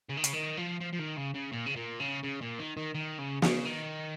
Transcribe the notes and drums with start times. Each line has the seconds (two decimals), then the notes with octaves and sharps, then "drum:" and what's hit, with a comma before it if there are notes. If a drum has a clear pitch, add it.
0.10 C#3
0.17 D#3
0.24 C#3, drum: hi-hat
0.33 D#3
0.57 F3
0.80 F3
0.93 F3
0.99 D#3
1.17 C#3
1.34 C#3
1.52 A#2
1.66 C#3
1.76 A#2
2.00 C#3
2.23 C#3
2.41 A#2
2.59 D#3
2.77 D#3
2.95 D#3
3.18 C#3
3.42 C#3, drum: snare
3.65 D#3